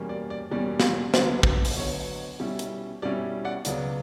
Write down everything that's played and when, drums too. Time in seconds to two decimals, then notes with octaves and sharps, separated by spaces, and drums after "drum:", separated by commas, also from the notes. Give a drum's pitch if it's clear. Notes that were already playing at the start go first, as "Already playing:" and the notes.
Already playing: E2 B2 G3 A#3 C#4
0.09 D5
0.30 D5
0.51 E2 B2 G3 A#3 C#4 D5
0.80 drum: snare
1.14 D2 D3 F#3 B3, drum: snare
1.43 drum: kick
1.65 drum: open hi-hat
1.77 D2 D3 F#3 B3 C#5
2.40 B2 G3 C#4 E4
2.59 drum: hi-hat
3.02 B2 G3 C#4 E4 D5
3.45 D5 F#5
3.65 C#2 B2 F#3 B3 D5, drum: hi-hat